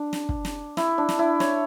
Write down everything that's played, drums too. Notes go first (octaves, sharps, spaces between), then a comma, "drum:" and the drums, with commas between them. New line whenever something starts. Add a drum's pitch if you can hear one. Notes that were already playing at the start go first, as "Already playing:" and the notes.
Already playing: D4
drum: snare
drum: kick
drum: snare
E4, drum: snare
D4
drum: snare
E4
C#5, drum: snare